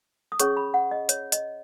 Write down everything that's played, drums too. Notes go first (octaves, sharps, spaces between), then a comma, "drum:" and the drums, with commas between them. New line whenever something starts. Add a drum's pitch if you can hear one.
D#6
C#4 G#4 C#5 C#6, drum: hi-hat
B5
F#5
D#5
C#5, drum: hi-hat
D#5, drum: hi-hat